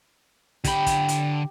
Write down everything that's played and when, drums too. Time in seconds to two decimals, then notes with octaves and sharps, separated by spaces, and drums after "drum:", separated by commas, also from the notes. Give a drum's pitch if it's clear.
0.64 D3 G4 G5 B5, drum: kick, hi-hat
0.86 drum: kick, hi-hat
1.08 drum: hi-hat